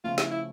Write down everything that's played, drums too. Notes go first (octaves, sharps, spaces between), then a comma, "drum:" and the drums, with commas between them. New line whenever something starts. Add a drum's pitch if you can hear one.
C#3 F3 A3 F4
E4, drum: snare
E4